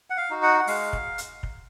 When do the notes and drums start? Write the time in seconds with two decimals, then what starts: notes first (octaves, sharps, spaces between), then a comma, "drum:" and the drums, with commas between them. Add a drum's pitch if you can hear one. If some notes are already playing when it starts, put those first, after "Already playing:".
0.10 F#5
0.17 F5
0.30 D#4 F#4
0.43 F#5
0.59 F#5
0.67 G#3 F5, drum: open hi-hat
0.93 drum: kick
1.18 drum: hi-hat
1.43 drum: kick